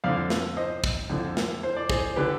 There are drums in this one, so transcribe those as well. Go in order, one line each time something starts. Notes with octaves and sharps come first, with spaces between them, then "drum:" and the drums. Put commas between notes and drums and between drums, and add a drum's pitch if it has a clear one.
F2 D3 D5 F5
drum: snare
C5 D#5
drum: kick
F2 D3
drum: snare
C5
D5
G#4 C5, drum: kick
D3 G4 B4